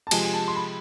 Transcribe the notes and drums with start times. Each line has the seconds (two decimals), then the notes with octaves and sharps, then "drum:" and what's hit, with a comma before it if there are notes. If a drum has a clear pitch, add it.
0.07 A5
0.11 C3 F3 G#3 G#5, drum: cymbal
0.25 G#5
0.33 A5
0.48 C6
0.56 B5